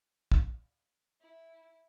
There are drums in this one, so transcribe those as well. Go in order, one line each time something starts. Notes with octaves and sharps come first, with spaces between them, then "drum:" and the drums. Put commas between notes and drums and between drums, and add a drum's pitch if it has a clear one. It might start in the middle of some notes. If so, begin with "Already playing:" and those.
drum: kick
E4